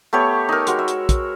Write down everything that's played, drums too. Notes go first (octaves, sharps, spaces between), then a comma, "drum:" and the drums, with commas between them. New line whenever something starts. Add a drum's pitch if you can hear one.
A3 B3 G4 C#5
D#4 A#4
G#3 F#4, drum: hi-hat
E5
drum: hi-hat
drum: kick, hi-hat